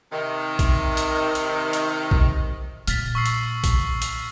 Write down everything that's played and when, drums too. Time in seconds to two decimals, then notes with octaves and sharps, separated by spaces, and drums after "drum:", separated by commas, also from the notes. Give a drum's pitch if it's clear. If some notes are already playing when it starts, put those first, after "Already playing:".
0.13 C3 D#3
0.59 drum: kick A#1, hi-hat
0.97 drum: hi-hat
1.35 drum: hi-hat
1.73 drum: hi-hat
2.11 drum: kick A#1
2.87 A#2 F6 A6 B6, drum: hi-hat
3.15 C#6 E6 C7
3.26 drum: hi-hat
3.64 drum: kick A#1, hi-hat
4.02 drum: hi-hat